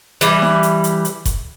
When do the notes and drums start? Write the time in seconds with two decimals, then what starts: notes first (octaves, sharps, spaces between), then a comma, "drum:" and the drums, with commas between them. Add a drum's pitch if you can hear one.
0.21 E3 G3, drum: hi-hat
0.42 drum: snare D#4
0.63 drum: hi-hat
0.84 drum: hi-hat
1.05 drum: hi-hat
1.25 drum: kick F#1, hi-hat